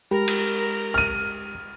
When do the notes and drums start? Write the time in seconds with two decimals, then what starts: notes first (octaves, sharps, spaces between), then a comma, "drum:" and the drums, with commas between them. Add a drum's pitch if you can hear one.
0.11 G#3 G4 A#4 B5
0.28 drum: cymbal
0.94 F6 D#7